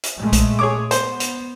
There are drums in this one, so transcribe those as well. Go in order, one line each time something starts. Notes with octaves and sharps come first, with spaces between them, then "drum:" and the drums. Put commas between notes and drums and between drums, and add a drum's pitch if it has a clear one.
drum: hi-hat
A#2 G#3 A3
drum: kick, hi-hat
G#4 C#5 D6
B3 C5, drum: hi-hat
drum: hi-hat